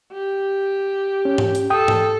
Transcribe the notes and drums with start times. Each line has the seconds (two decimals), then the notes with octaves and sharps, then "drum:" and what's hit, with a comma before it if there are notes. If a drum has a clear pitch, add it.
0.12 G4
1.25 C#4
1.38 drum: tom G#2
1.55 drum: hi-hat
1.70 A4 G5 D#6
1.88 drum: tom G#2